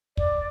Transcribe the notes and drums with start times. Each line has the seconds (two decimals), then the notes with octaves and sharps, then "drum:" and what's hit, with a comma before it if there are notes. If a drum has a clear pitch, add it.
0.17 D5, drum: kick